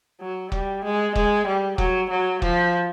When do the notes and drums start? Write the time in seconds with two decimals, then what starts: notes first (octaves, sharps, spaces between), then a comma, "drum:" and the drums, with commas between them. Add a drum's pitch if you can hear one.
0.21 F#3
0.52 G3, drum: kick
0.84 G#3
1.15 G#3, drum: kick
1.47 G3
1.78 F#3, drum: kick
2.10 F#3
2.42 F3, drum: kick